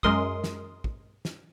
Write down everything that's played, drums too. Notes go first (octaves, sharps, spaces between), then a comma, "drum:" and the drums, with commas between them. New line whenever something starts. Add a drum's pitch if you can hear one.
F#2 G#3 A#4 C6 D#6, drum: kick
drum: snare
drum: kick
drum: snare